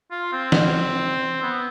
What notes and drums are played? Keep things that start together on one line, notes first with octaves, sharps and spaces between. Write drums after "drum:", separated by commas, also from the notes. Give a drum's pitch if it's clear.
F4
C4
drum: snare
B3